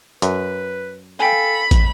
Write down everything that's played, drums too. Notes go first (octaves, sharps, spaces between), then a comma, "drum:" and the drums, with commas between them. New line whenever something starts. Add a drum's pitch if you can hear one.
F#2 B4, drum: hi-hat
A4 F5 G5 G#5 B5
drum: kick, hi-hat